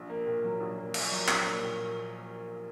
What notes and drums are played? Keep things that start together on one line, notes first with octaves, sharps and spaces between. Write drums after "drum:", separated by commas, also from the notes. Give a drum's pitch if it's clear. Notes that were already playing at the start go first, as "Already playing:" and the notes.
Already playing: A#1
A#3
A#2
F#3
A#1
A#3
A#2, drum: cymbal
F#3
A#1, drum: clap
A#3
A#2